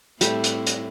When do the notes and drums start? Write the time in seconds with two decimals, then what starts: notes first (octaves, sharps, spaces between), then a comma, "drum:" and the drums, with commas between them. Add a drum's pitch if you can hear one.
0.21 A2 G3 A3 C4 E4, drum: hi-hat
0.44 drum: hi-hat
0.67 drum: hi-hat